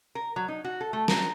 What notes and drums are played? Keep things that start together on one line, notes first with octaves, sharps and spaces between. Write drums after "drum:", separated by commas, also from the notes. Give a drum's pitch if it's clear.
A#4
F#3
D#4
F#4
A4
A3
A#4, drum: snare